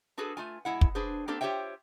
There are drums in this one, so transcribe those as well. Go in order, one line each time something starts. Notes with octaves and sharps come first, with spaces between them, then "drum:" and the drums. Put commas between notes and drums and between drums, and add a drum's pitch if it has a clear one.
D4 F#4 G#4 A4 B4
A3 F4 G#5
B2 G#3 E4 F#5
drum: kick
D4 G#4 B4 C5
A#3 C4 D4 G4 A4 C5
F4 G4 C5 C#5 E5 G5